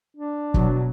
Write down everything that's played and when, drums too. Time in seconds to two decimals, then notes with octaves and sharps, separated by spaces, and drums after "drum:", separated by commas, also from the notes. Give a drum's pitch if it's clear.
0.17 D4
0.54 B2 F#3, drum: kick